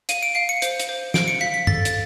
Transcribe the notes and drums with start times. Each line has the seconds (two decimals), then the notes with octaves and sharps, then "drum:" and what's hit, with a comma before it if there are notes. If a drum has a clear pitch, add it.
0.09 F5 D#7, drum: hi-hat
0.23 D7
0.35 F5 C7
0.49 C#7
0.62 C5, drum: hi-hat
0.80 drum: hi-hat
0.89 C5
1.14 F5 D7, drum: snare
1.28 C#7
1.41 F5 B6
1.54 B6
1.67 A4 A6, drum: tom G2
1.85 drum: hi-hat